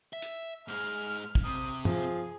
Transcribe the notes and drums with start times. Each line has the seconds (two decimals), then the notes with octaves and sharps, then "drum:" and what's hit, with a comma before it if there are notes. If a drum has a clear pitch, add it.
0.13 E5
0.22 drum: hi-hat
0.68 G#2 G#3 F6
1.35 drum: kick
1.45 C3 D#6
1.85 F3 G#4, drum: tom